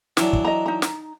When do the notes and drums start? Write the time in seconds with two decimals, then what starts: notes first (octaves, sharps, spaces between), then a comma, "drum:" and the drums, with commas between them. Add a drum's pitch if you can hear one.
0.17 E3 F#3 D4, drum: snare
0.33 drum: kick
0.45 D#5 A#5
0.66 D#4 A#5
0.82 drum: snare